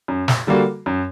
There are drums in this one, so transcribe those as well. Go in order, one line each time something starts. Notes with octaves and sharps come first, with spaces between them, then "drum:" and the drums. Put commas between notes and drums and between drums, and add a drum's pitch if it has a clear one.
F#2
drum: snare
D3 G3 A#3 F#4
F#2